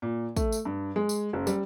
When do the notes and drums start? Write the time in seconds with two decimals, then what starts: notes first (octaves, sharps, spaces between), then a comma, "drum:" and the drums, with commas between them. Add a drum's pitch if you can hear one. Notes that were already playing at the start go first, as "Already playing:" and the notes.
0.02 A#2
0.37 A3, drum: kick, tambourine
0.52 drum: tambourine
0.65 G2
0.96 G#3
1.09 drum: tambourine
1.33 F#1
1.47 G3, drum: tambourine